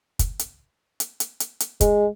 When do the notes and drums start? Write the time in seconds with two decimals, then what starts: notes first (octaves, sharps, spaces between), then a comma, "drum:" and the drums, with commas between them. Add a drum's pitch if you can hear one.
0.19 drum: kick, hi-hat
0.39 drum: hi-hat
1.00 drum: hi-hat
1.20 drum: hi-hat
1.40 drum: hi-hat
1.60 drum: hi-hat
1.81 G#3, drum: kick, hi-hat